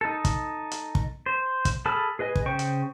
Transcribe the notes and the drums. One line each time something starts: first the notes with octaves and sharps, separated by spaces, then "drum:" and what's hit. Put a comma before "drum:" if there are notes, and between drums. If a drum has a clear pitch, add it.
D#4 A4
drum: kick, hi-hat
drum: hi-hat
drum: kick
C5
drum: kick, hi-hat
G#4 A4 A5 B5 F6
G#4 B4 D#5 G#5
drum: kick
C#3 C5 G5 C#6
drum: hi-hat